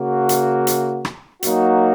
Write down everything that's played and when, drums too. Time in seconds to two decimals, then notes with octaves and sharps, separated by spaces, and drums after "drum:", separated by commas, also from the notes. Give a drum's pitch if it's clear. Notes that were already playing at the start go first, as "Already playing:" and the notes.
Already playing: C#3 A#3 F#4
0.29 drum: hi-hat
0.67 drum: hi-hat
1.05 drum: rim click
1.43 F#3 A#3 D#4 F#4, drum: hi-hat